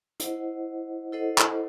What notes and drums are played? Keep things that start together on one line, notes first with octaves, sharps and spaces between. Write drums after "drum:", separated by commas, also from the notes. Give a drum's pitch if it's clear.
E4 C5 D#5 F#5, drum: hi-hat
E4 A4 C5 D#5 F#5
drum: clap